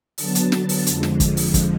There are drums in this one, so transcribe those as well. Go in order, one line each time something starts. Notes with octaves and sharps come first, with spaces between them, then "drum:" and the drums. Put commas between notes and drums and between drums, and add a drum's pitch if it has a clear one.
D3 F#3 B3 A5, drum: open hi-hat
drum: hi-hat
drum: snare
drum: open hi-hat
F2 D3 F3 G#3, drum: hi-hat
drum: snare
drum: kick, hi-hat
drum: open hi-hat
drum: kick, hi-hat